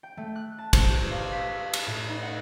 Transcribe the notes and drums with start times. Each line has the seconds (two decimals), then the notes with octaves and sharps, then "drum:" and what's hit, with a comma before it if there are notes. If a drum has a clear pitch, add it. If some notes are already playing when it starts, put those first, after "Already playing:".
0.03 G5
0.17 A3
0.36 F#6
0.58 A5
0.73 C5, drum: kick, cymbal
0.90 G4
1.11 F5
1.32 B6
1.74 B4, drum: cymbal
1.87 A2
2.09 D#4
2.22 F#5